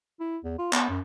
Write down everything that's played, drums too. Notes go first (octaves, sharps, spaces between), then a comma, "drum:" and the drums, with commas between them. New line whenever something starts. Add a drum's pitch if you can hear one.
E4
E2
F4
B3, drum: clap
F#2